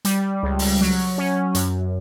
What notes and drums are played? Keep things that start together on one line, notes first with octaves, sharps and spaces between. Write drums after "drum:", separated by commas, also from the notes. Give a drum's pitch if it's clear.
G3, drum: hi-hat
C#2
drum: open hi-hat
F#3
C#4
F#2, drum: hi-hat